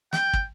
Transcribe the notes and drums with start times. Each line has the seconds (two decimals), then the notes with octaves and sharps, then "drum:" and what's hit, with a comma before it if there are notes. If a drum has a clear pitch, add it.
0.13 G5, drum: snare
0.33 drum: kick